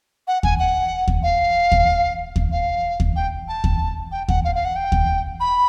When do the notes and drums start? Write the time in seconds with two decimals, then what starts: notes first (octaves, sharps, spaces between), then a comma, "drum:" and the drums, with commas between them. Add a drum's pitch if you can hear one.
0.27 F#5
0.43 G#5, drum: kick D#2
0.59 F#5
1.08 drum: kick D#2
1.23 F5
1.72 drum: kick D#2
2.36 drum: kick D#2
2.52 F5
3.00 drum: kick D#2
3.16 G5
3.48 A5
3.64 drum: kick D#2
4.12 G5
4.28 F#5, drum: kick D#2
4.44 F5
4.55 F5
4.65 F#5
4.76 G5
4.92 drum: kick D#2
5.40 B5